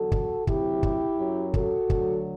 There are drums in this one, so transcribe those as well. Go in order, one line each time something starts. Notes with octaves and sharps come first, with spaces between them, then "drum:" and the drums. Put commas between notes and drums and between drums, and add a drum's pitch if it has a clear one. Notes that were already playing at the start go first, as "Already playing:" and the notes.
Already playing: E2 D3 F#3 F#4 A4
drum: kick
D2 C3 F#3 E4 G4, drum: kick
drum: kick
F#2 F#3
F#4 A4, drum: kick
D2 D3 F#3, drum: kick